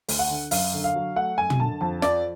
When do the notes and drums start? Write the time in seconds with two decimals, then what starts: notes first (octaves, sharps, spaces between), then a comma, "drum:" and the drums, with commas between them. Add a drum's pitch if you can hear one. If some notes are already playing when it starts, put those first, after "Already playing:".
0.09 D2, drum: open hi-hat
0.19 F#5
0.30 D3
0.51 F#2 F5, drum: open hi-hat
0.73 D3
0.84 F5
0.95 F#3
1.16 A3 F#5
1.37 F#2 G#5
1.50 drum: tom
1.60 D3 A5
1.81 F2 A5
2.02 F3 D5, drum: snare